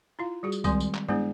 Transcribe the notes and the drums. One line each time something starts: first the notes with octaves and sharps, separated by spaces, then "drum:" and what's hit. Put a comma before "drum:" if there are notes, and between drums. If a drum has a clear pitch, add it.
E4 F4 F5
G3 F#4 G#4
drum: tambourine
D#3 G3 G#3 C4 G#5 C6, drum: kick C2, tambourine
drum: tambourine
drum: clap
G#3 B3 D4 E4 G#4 C5, drum: tom G2